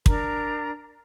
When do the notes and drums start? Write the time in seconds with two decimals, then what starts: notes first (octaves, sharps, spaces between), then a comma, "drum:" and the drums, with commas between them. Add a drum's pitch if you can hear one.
0.06 D4 A#4 A#5, drum: kick